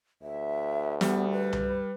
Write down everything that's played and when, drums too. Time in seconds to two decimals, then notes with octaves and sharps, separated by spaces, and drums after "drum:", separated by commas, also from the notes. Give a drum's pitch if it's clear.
0.22 D2 E5
1.01 G3 B3, drum: snare
1.32 B4
1.53 drum: tom C2